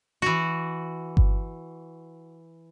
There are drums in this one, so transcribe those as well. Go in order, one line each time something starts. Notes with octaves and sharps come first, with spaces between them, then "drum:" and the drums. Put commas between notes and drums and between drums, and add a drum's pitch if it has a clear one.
E3 F#4
drum: kick G1